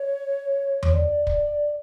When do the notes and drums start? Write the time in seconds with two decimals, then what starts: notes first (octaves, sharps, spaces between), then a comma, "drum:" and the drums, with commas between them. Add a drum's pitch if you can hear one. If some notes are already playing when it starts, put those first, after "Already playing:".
Already playing: C#5
0.83 drum: tom E2
0.93 D5
1.27 drum: kick